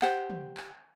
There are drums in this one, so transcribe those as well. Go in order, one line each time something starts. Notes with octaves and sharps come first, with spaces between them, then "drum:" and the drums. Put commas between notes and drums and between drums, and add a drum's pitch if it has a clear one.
G4 C5 F#5, drum: clap
drum: tom
drum: clap